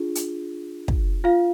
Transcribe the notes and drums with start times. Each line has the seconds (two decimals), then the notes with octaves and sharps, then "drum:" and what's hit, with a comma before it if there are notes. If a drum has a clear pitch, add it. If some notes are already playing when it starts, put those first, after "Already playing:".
Already playing: D4 F4 G#4
0.15 drum: hi-hat
0.88 drum: kick
1.24 F4 F5